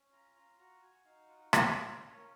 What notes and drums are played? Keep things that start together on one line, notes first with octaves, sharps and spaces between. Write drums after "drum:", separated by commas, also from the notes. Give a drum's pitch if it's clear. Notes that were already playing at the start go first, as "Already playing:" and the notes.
Already playing: C#4
F4 A#5
F4 A#5
F#4 A#5
F#4 G#5
D#4 F5
F4 F#5
F4 F#5, drum: rim click
C#4 F5
F4 C#5
A#4